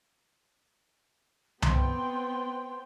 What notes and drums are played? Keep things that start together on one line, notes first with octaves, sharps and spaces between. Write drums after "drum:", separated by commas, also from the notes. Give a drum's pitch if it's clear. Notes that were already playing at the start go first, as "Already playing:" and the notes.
B3 C4 G5 C6, drum: tom C2